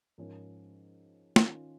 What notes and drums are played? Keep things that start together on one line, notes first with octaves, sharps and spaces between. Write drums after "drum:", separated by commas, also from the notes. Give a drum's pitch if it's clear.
G#2 F3 C#4 A#4 C#5
D#3 C#4 F4, drum: snare